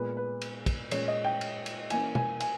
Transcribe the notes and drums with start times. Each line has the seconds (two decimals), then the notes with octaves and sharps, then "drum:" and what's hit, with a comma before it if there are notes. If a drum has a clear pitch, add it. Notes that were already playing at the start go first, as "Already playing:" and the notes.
Already playing: A#2 G#3 B3 B4
0.17 B4
0.41 drum: cymbal
0.66 drum: kick, cymbal
0.91 A#2 G#3 C#4 C#5, drum: cymbal
1.08 D#5
1.24 G5
1.41 drum: cymbal
1.66 drum: cymbal
1.90 E3 A#3 C#4 G#5, drum: cymbal
2.15 G#5, drum: tom
2.40 G#5, drum: cymbal